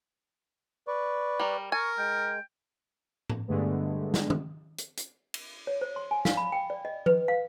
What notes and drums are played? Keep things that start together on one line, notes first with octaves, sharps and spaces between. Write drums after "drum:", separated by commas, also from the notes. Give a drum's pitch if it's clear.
B4 D5 C#6
G3 A#4
A#4 G#5 C#6
G#3 G5
drum: tom A2
G2 D3 G#3 A3 B3
drum: snare
drum: tom D#3
drum: hi-hat
drum: hi-hat
drum: cymbal
C#5
C5
C6
G#5
F5, drum: snare
B5
G5
D5
D#5
B4, drum: tom F3
F5